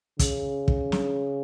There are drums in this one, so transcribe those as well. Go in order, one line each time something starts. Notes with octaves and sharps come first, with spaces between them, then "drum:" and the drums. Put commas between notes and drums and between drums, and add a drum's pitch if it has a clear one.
C#3, drum: kick, hi-hat
drum: kick
drum: snare